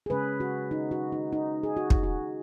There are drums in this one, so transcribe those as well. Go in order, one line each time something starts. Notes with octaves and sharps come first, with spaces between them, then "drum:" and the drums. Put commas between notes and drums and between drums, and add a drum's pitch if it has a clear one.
G#4
C#3 G#3 C#4 B4
F#4
D#4
F#4
D#4
D#4
G#4
F#4
D#4, drum: kick
F#4